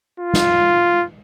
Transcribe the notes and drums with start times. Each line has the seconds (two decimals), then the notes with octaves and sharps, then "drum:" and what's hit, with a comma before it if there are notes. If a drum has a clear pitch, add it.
0.20 F4
0.34 drum: snare